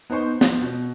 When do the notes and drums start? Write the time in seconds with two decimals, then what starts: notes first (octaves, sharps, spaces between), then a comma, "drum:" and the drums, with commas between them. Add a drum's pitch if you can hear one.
0.10 B3 D#4 B4 C5 C#6 G6
0.41 F3, drum: snare
0.61 B2